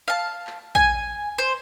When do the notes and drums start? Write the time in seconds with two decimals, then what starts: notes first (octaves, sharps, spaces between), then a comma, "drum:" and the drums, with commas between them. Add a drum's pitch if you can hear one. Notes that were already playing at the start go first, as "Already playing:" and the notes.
0.08 F5 A5
0.47 drum: clap
0.75 G#5, drum: kick
1.38 C5